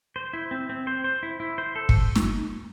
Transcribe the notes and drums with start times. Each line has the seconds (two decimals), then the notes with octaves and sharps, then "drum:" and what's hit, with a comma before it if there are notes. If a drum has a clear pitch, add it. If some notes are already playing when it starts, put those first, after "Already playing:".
0.16 C5
0.33 E4
0.51 C4
0.69 C4
0.87 C5
1.04 C5
1.23 E4
1.40 E4
1.58 C5
1.76 A4
1.89 drum: kick
2.16 drum: snare